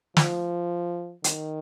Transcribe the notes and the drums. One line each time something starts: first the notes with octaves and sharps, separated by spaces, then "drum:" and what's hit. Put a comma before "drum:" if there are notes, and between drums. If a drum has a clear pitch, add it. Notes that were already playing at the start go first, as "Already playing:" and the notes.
F3, drum: snare
D#3, drum: hi-hat